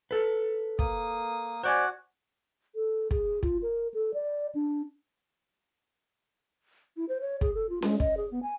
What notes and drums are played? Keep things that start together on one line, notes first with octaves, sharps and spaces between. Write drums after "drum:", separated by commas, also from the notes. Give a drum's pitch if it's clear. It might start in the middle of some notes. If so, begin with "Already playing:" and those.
A4 B4
A#3 D#6, drum: kick
F#4 C5 D5 F#5 G#5
A4
G#4, drum: kick
F4, drum: kick
A#4
A4
D5
D4
E4
C5
C#5
G#4, drum: kick
A4
F4
G#3, drum: snare C#4
D#5, drum: kick
G#4
B3
G#5